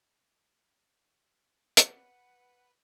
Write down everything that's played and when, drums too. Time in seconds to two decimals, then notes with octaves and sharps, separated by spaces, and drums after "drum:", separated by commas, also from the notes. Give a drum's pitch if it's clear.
1.77 B4 F#5, drum: hi-hat